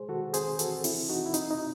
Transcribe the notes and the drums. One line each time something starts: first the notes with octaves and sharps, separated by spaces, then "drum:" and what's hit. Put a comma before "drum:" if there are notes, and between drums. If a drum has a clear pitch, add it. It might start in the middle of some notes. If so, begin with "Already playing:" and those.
Already playing: G#3 G#4 C5
D#3 F#4 A4
C4 G#4 C5, drum: hi-hat
E3 F#4 A4, drum: hi-hat
C4 E4, drum: open hi-hat
E3 D#4 F#4
E4
C4 D#4, drum: hi-hat
D#4